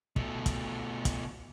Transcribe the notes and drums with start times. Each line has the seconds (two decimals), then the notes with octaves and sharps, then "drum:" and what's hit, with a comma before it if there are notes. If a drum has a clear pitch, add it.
0.16 B2 A3, drum: kick
0.46 drum: kick, hi-hat
1.05 drum: kick, hi-hat